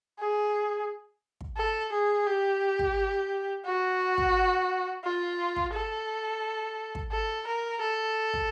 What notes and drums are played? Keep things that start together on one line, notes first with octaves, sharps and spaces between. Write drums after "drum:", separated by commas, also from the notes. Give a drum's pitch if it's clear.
G#4
drum: kick
A4
G#4
G4
drum: kick
F#4
drum: kick
F4
drum: kick
A4
drum: kick
A4
A#4
A4
drum: kick